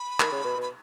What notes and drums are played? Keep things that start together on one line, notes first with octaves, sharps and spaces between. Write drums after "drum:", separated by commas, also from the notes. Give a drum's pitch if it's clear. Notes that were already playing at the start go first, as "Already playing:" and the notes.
Already playing: B5
D#3, drum: clap
C#3
B2
B2
B5